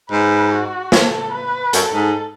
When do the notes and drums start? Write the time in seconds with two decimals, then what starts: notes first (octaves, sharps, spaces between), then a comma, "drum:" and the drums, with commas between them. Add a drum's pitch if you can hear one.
0.10 G#2 B4
0.51 F#4
0.92 A4, drum: snare
1.33 B4
1.73 F#2 A4, drum: hi-hat
1.93 G#2